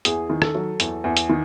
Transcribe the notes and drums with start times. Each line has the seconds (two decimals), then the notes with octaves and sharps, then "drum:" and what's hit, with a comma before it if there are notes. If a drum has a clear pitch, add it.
0.05 E2 G#4, drum: hi-hat
0.30 D#3
0.42 A4, drum: rim click
0.55 F#3
0.80 E2, drum: hi-hat
1.04 E2
1.17 drum: hi-hat
1.29 D#3